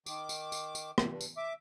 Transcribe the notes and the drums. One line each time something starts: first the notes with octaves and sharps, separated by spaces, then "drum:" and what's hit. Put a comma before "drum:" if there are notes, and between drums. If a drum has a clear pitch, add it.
D#3 D6, drum: tambourine
drum: tambourine
drum: tambourine
drum: tambourine
drum: rim click
G2
drum: tambourine
E5 D6